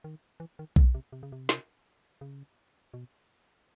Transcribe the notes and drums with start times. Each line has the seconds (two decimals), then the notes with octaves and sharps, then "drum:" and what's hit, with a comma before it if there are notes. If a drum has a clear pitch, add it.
0.04 D#3
0.40 E3
0.59 D#3
0.76 D3, drum: kick B1
0.95 C3
1.12 C3
1.23 C#3
1.32 C3
1.49 drum: snare
2.21 C#3
2.94 B2